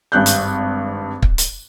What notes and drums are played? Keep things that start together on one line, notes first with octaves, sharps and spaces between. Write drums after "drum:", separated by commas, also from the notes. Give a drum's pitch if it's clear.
G#1 G2 F#6 G6
drum: hi-hat
drum: kick
drum: hi-hat